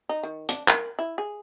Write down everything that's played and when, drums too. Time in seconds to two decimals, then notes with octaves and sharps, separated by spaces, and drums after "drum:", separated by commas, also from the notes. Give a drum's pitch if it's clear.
0.09 D#4
0.23 D#3
0.49 D4, drum: hi-hat
0.68 A#4, drum: clap
0.99 E4
1.18 G#4